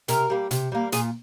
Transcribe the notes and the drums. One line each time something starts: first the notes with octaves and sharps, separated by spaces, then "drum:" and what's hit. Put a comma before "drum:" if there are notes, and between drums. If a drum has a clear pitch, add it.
C3 A#4, drum: hi-hat
G3 A#3
C3, drum: hi-hat
G3 A#3
A#2 G#4, drum: hi-hat